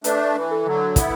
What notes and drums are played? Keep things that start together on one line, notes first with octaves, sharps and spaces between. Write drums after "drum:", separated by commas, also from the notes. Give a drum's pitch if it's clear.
A3 D4 B4, drum: hi-hat
E3
A4
D3 F#3
B3 E4, drum: kick, hi-hat